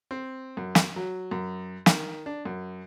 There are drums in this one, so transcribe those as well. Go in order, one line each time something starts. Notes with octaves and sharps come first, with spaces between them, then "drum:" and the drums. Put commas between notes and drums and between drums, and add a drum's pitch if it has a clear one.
C4
F#2
drum: snare
F#3
F#2
D#3, drum: snare
D4
F#2